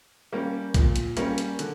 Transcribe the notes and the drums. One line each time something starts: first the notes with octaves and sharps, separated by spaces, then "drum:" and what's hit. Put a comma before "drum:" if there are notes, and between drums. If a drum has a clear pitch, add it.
G3 A#3 C#4
A#2, drum: kick A#1, hi-hat
drum: hi-hat
G3 A#3 C#4, drum: hi-hat
drum: hi-hat
D3, drum: hi-hat